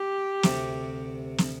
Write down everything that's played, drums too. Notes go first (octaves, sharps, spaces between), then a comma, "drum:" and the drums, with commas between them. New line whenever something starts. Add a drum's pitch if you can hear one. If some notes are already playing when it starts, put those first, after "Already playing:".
Already playing: G4
D2 C3 G3, drum: snare
drum: snare